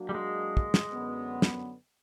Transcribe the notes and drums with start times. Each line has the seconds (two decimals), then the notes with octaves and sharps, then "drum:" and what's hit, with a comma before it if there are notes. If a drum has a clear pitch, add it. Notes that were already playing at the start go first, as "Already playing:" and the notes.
Already playing: F#3 A#3 D4 F#4
0.09 G3
0.14 G#3
0.57 drum: kick
0.74 drum: snare
0.91 F#2 D3 F#3 B3
1.42 drum: snare